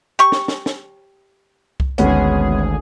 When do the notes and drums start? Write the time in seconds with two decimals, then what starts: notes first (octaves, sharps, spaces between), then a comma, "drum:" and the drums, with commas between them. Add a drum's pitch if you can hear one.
0.19 G4 C#6
0.32 drum: snare
0.48 drum: snare
0.66 drum: snare
1.80 drum: kick C2
1.98 G#1 D2 G#3 B3 C#4 G#4, drum: hi-hat